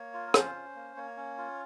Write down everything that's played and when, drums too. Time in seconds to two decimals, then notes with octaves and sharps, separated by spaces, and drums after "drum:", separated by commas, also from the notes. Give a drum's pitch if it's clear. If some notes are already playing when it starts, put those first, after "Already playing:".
Already playing: A#3 C#5
0.14 F4
0.27 A#4
0.34 C#4 C5, drum: rim click
0.55 C#4
0.76 A#3
0.97 A#3 C#5
1.17 C#4
1.38 F4